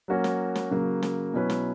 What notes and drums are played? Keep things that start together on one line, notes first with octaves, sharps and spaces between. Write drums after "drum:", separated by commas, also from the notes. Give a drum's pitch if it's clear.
F#3 A#3 C#4 F#4
drum: snare
drum: snare
C#3 F#3 A#3
drum: snare
B2 F#3 C#4 E4 B4
drum: snare